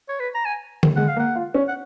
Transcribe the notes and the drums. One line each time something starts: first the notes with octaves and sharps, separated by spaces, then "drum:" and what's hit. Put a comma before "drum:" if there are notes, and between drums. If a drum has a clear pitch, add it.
C#5
B4
A#5
G#5
drum: tom D3
G#3 F#5
F5
A#3
F#5
F4
C#4
F#5